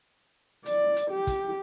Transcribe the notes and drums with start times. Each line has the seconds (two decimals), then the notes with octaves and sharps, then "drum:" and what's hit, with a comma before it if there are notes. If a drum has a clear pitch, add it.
0.66 D5, drum: hi-hat
0.96 drum: hi-hat
1.11 G4
1.27 drum: kick, hi-hat